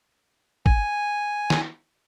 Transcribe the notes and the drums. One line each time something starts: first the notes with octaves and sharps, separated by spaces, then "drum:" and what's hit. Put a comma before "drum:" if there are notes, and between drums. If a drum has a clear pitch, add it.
G#5, drum: kick
drum: snare